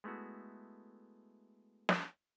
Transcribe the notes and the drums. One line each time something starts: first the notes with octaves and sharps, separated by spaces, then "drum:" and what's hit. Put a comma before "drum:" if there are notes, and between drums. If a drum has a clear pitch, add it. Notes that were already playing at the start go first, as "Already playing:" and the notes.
G#3 A3 B3 E4 F#4
drum: snare